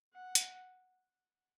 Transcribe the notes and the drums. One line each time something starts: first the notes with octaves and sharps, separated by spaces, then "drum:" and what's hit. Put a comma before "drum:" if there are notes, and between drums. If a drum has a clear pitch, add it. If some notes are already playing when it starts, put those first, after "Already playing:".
F#5
drum: hi-hat